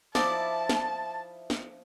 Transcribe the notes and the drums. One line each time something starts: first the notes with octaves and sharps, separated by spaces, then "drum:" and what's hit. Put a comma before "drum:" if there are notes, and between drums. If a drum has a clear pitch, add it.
F3 D#4 E4 D5 A5, drum: snare
drum: snare
drum: snare